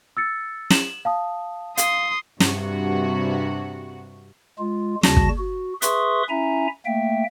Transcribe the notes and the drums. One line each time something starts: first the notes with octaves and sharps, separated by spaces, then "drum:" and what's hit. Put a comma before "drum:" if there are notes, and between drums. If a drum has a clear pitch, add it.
E6 A6 C#7
E7 F#7, drum: snare
F5 A5 D#6
F5 C6 D#6, drum: hi-hat
G2 C3 F#4, drum: snare
G#3 F4
D#2 C#3 G3 F#4 A5 A#6, drum: snare
drum: kick
F#4
G#4 B4 E5 C6 C#6 D#6, drum: hi-hat
C#4 E4 E5 G#5 A#5
A3 A#3 E5 G5